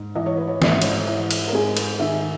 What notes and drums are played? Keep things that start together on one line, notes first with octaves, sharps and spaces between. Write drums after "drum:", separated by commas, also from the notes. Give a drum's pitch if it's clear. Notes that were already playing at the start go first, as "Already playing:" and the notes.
Already playing: G#2
E3 D#5
C#5
B4
C#5
G#2 E5, drum: snare
D#5
C#5, drum: cymbal
D#5
E3
drum: cymbal
A#4
G#2 G#4
drum: cymbal
D#3 E5